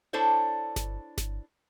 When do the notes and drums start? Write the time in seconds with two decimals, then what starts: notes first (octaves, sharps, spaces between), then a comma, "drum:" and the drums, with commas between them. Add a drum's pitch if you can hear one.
0.13 D4 E4 A4 C5 C#5
0.76 drum: snare G1
1.18 drum: snare G1